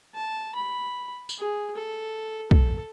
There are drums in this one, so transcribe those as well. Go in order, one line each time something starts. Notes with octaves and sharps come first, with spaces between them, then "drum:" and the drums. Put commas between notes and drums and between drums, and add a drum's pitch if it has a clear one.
A5
B5
drum: tambourine
G#4
A4
A4, drum: kick